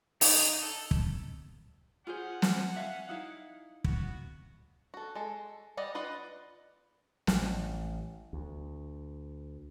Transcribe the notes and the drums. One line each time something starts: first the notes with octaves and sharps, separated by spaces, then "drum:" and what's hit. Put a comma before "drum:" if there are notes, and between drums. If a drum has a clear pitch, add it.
D4 D#4, drum: open hi-hat
A4
drum: kick
C#4 F4 G#4 C5 F#5
drum: snare
E5 F5
D#4 E4 F5
B3 F#4, drum: kick
F#4 A4
G#3 A4
G3 D5 D#5 F#5
F4 B4 D5 D#5 F#5
A1, drum: snare
D2